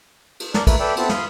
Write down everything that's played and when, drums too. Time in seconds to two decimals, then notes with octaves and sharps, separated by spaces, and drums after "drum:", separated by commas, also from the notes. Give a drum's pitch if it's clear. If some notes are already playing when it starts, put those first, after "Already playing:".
0.40 drum: cymbal
0.54 A#4 D5 A5, drum: snare
0.67 A3 A#3 B4, drum: kick, cymbal
0.80 A4 B4 D5 E5 G5
0.97 B3 C4 A4 E5 A5, drum: cymbal
1.09 F5 B5 C6 D#6, drum: snare